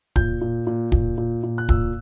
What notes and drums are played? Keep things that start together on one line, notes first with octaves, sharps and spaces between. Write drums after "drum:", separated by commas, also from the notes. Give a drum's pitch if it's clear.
A#2 G6, drum: kick
A#2
A#2
A#2, drum: kick
A#2
A#2
F#6
A#2 E6, drum: kick